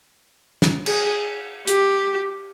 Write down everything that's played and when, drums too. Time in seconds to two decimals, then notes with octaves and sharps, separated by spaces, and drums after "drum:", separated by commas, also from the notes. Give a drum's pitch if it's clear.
0.62 drum: snare
0.86 G#4, drum: cymbal
1.67 G4, drum: hi-hat